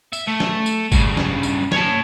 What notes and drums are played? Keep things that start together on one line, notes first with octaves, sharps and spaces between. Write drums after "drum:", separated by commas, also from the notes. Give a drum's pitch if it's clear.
E5, drum: tambourine
A3
drum: snare
drum: tambourine
G2 C#3, drum: kick, tambourine
drum: snare
drum: tambourine
C#5 A5, drum: snare